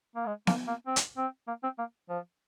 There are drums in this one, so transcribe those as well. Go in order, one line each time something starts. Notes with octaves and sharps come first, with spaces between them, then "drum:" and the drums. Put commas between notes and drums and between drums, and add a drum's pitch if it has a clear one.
A#3
G#3
A#3, drum: snare B3
A#3
C4
drum: hi-hat
C4
A#3
C4
A#3
F3